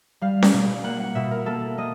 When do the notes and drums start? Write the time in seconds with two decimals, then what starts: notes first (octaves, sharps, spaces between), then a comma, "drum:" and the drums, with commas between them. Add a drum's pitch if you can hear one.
0.21 G3 F5
0.42 drum: snare C#4
0.53 B2
0.84 A#3 F#5
1.00 F#5
1.15 B2 E5
1.31 A#4
1.46 A#3 A4
1.78 A#3 D#5